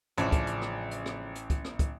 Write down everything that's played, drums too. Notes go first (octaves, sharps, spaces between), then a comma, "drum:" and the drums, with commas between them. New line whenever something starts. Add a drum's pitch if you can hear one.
A1 C#3 F3 D4, drum: hi-hat
drum: kick, hi-hat
drum: hi-hat
drum: rim click
drum: hi-hat
drum: rim click
drum: hi-hat
drum: kick, hi-hat
drum: rim click
drum: kick, hi-hat